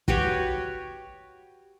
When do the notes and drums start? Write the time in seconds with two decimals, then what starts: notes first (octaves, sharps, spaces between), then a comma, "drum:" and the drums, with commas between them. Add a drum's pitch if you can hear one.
0.08 F#4 G4 B4 C#5, drum: kick